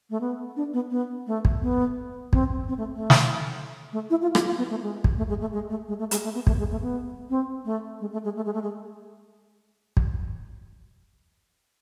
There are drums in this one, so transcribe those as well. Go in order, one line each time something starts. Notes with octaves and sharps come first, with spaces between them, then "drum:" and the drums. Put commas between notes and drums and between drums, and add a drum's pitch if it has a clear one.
A3
B3
D4
B3
B3
A3
drum: kick
B3
C4, drum: kick
C4
A3
A3
drum: snare
A3
E4
F4
F4, drum: rim click
F4
B3
A3
G#3
drum: kick
A3
G#3
A3
G#3
A3
G#3
A3
G#3, drum: hi-hat
A3
B3
A3, drum: kick
G#3
A3
B3
C4
A3
G#3
A3
G#3
A3
G#3
A3
G#3
drum: kick